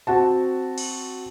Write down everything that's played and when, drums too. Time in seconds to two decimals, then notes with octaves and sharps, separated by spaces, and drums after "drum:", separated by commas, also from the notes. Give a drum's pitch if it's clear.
0.07 C4 F#4 F#5 A5
0.78 drum: cymbal